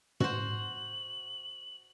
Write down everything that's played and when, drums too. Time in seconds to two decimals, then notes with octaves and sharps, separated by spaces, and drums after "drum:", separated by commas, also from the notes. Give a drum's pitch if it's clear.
0.20 F#4 C5 F#7, drum: tom